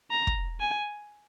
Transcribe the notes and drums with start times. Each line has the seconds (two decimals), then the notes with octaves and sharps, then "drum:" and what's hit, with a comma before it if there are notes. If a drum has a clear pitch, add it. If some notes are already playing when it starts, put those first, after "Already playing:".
0.11 A#5
0.27 drum: kick
0.60 G#5